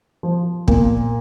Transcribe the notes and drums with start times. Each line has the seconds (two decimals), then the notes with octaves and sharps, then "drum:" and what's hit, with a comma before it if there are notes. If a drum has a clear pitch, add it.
0.23 F3
0.68 A#2, drum: kick